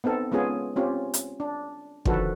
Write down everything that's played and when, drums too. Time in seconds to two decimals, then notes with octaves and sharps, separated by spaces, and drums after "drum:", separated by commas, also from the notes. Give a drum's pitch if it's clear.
0.04 B3 C4 D#4 A4
0.32 G#3 B3 C#4 F4 G#4
0.76 C4 C#4 F4 G4
1.14 drum: hi-hat
1.40 D4
2.05 D3 D#3 F3 F#4 A4 B4, drum: kick